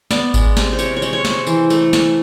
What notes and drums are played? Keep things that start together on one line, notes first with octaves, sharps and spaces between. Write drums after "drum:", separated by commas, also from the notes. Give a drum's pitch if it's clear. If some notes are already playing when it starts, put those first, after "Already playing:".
B3 D5, drum: snare
G#3, drum: kick G#1, tambourine
C3, drum: snare
C5
C3 C#5, drum: tambourine
C#5
G#3, drum: tambourine
C#5
G#3, drum: snare
C5
E3, drum: tambourine
A3, drum: tambourine
A3, drum: snare